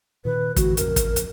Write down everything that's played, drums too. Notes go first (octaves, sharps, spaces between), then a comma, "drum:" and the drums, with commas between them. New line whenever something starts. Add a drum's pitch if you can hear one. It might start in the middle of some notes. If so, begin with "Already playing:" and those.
A#2 D#3 B4
D3 E3 A3 F#4, drum: kick, hi-hat
A#1 F2 C#3 A#4, drum: hi-hat
drum: kick, hi-hat
drum: hi-hat